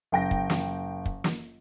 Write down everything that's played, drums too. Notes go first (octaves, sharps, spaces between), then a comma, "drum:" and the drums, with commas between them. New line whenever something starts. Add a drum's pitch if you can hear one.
F#1 G5 A#6
drum: kick
drum: snare
drum: kick
drum: snare